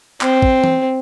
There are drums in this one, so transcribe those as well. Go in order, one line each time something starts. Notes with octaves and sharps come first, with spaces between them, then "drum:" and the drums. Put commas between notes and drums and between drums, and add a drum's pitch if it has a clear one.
C4, drum: clap
drum: kick
drum: tom E3